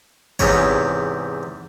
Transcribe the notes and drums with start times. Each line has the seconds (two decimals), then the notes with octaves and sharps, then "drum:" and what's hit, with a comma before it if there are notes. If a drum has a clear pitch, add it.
0.39 E2 G#2 C3 C#5, drum: kick G#1